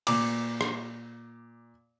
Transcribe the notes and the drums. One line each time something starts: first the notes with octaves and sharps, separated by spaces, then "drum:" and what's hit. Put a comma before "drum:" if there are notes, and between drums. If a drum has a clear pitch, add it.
A#2 D6, drum: cymbal
drum: rim click